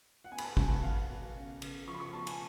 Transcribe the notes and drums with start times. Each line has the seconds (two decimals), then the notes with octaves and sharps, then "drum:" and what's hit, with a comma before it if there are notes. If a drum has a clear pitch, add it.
0.24 F#5
0.31 B3 G#5
0.38 B5, drum: cymbal
0.44 A5
0.57 B2 G#5, drum: kick G#1
0.70 F#5
0.83 B3 F5
1.09 B2
1.35 C#3
1.62 C#3, drum: cymbal
1.87 F3 C#6
1.94 B5
2.00 C#6
2.13 B3 A5
2.27 G#5, drum: cymbal